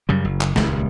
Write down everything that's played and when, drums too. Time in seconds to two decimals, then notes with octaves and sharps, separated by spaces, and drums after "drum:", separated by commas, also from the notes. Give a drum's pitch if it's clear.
0.09 F#2 C#3 G3
0.25 F#1
0.41 drum: clap
0.56 D#1 C#2, drum: snare